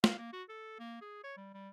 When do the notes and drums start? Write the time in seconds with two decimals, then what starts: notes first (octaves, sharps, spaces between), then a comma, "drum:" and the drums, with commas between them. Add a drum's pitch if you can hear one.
0.04 F5, drum: snare
0.18 A#3
0.33 F#4
0.49 A4
0.79 A#3
1.01 G#4
1.24 C#5
1.37 G3
1.54 G3